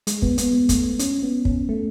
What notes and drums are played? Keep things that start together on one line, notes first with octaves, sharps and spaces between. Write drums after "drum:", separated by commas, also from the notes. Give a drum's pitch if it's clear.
G#3, drum: hi-hat
B3, drum: kick
B3, drum: hi-hat
G#3
A3, drum: kick, hi-hat
B3
C#4, drum: hi-hat
B3
C#4, drum: kick
A3